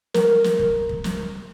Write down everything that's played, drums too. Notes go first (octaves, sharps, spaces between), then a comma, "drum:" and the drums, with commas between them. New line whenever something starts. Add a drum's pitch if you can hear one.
A#4, drum: snare
drum: snare
drum: kick
drum: kick
drum: snare